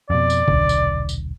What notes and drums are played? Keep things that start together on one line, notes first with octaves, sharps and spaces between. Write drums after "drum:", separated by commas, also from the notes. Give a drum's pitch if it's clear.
F2 B2 D5
drum: tambourine
D#1 B1 D3, drum: kick
drum: tambourine
drum: tambourine